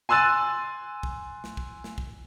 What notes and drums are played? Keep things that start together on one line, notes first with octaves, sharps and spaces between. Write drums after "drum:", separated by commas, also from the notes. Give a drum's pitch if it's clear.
G#5 C6 E6 F#6 A6 D#7
drum: kick
drum: snare
drum: kick
drum: snare
drum: kick